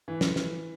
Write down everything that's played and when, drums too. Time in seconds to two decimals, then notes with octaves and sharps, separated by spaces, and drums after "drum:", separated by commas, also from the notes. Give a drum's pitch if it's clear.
0.08 E3
0.21 drum: snare
0.36 drum: snare